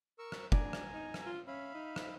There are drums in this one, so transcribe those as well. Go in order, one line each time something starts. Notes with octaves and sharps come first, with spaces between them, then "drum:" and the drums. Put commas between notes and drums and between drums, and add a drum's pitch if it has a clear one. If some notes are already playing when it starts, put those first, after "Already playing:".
A#4 C#6 E6
drum: rim click
D4 G#5 A#5, drum: kick
drum: rim click
D#4
drum: rim click
F4
C#4 E5 F5 B5
D#4
drum: rim click